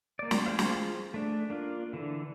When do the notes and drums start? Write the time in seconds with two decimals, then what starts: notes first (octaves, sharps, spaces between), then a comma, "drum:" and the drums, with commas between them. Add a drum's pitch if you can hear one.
0.19 A#3 D5
0.31 drum: snare
0.46 F4 G#4 C5 F5
0.59 drum: snare
1.14 A3 D4
1.50 A#3 D4 F4
1.93 D3 E3